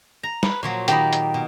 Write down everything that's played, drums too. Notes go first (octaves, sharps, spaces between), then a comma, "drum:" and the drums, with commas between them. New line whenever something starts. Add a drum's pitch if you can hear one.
A#5
B4, drum: snare
A#2 F3 F#3 C#5
D#3 A#3 D#4 G4 B5, drum: hi-hat
drum: hi-hat
B2